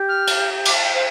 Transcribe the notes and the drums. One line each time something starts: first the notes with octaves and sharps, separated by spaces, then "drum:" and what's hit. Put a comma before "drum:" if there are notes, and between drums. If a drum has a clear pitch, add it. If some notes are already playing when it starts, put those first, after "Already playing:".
Already playing: G4
F6
drum: cymbal
D6, drum: cymbal
A5
G5
C5 F5